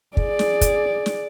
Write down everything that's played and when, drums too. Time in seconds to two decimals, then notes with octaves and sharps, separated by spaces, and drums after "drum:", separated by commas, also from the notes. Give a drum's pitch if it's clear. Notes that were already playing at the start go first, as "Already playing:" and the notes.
0.17 G#4 D5, drum: kick
0.39 drum: snare
0.61 drum: kick, hi-hat
1.06 drum: snare